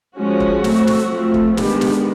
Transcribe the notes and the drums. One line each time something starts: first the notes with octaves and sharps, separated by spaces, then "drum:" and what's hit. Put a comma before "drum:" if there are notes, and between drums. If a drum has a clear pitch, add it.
F3 G#3 C#4 F#4
drum: kick E1
F#3 A3 C4, drum: snare
drum: snare
F3 A3 C4
drum: kick E1
D#3 G#3 B3 D4 G4, drum: snare
drum: snare